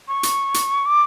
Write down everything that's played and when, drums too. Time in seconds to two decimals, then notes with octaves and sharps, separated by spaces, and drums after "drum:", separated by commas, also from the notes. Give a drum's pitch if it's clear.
0.08 C#6
0.23 drum: hi-hat
0.54 drum: hi-hat
0.86 D6